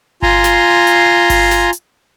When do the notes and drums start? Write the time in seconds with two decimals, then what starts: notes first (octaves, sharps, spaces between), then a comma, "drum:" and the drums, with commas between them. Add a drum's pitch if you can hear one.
0.22 F4 G#5 A#5 C6, drum: kick G1
0.44 drum: snare
0.87 drum: hi-hat
1.30 drum: kick G1, open hi-hat
1.51 drum: snare
1.73 drum: hi-hat